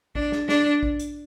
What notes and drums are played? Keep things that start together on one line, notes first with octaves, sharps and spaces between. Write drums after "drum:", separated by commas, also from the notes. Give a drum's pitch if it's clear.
D4, drum: kick
drum: snare
D4, drum: snare
drum: kick
drum: hi-hat